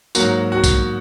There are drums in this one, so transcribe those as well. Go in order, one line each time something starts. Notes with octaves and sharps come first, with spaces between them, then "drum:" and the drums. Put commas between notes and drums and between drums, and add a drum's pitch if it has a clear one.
G#2 F#3 A#3 F#4, drum: tambourine
F#4
drum: kick, tambourine